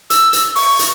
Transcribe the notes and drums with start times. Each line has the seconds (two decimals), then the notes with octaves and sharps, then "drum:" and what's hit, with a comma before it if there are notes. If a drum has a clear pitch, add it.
0.10 E6, drum: hi-hat
0.33 drum: hi-hat
0.56 C#6, drum: open hi-hat
0.79 drum: hi-hat